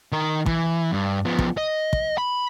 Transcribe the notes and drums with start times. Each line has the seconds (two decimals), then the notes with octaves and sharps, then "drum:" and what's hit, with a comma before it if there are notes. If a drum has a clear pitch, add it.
0.12 D#3 A#4
0.46 E3, drum: kick
0.92 G2
1.25 F3 B3
1.39 drum: kick
1.57 D#5
1.93 drum: kick
2.18 B5